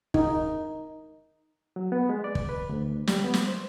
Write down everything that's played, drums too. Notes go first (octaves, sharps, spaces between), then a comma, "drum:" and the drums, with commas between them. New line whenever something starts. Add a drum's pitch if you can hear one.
D#4, drum: kick
F#3
B3
G#3
D5
drum: kick
B4
D2
G3, drum: snare
B3
drum: snare
C5